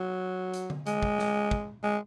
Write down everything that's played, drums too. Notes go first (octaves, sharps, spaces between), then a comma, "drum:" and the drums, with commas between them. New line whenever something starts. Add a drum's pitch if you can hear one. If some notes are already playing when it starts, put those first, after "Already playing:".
Already playing: F#3
drum: hi-hat
drum: tom D3
G#3, drum: hi-hat
drum: kick
drum: snare
drum: kick
G#3